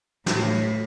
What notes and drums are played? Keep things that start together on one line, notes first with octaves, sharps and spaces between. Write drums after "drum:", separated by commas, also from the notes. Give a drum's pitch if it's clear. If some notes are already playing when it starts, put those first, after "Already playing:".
A2, drum: snare